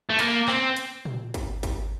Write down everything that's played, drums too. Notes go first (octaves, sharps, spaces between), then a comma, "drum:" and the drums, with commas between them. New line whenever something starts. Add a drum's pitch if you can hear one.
A3
A#3, drum: hi-hat
C4, drum: clap
drum: hi-hat
drum: tom A#2
drum: kick, hi-hat
drum: kick, hi-hat